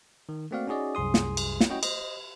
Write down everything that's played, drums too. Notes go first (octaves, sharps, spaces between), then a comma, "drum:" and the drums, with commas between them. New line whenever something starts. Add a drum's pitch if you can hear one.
D#3
A3 A#3 C4 F#4 D5 F5
C#4 D#4 F#4 G#4 D5 D#5
C2 F#2 G#4 C6 D#6
drum: snare
drum: cymbal
drum: snare
C#4 E4 F#4 D#5 G5
C5 D#5, drum: cymbal